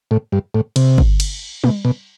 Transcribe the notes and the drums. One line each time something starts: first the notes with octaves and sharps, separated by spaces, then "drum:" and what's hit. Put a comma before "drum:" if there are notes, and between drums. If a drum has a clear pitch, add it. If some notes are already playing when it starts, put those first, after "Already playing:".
A2
G2
A2
C3, drum: cymbal
drum: kick
drum: cymbal
B2, drum: tom
B2